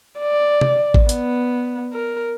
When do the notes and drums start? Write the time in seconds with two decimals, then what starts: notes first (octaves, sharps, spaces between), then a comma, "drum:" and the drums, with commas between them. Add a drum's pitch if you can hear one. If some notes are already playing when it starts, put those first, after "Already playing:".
0.19 D5
0.61 drum: tom C3
0.94 drum: kick A1
1.09 B3, drum: hi-hat
1.93 A#4